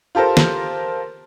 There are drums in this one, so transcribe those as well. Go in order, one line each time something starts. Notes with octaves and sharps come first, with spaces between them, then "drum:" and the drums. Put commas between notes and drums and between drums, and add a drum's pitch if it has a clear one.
F4 G4 A4 A#4 C5
drum: snare